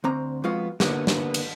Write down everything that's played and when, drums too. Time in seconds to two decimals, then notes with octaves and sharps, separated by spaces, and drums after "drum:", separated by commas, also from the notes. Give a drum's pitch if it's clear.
0.04 D2 C4 A#5
0.44 F2 G#3 B3 F4 F#4 F5
0.80 D3 A#3 B3, drum: snare
1.07 drum: snare
1.34 drum: cymbal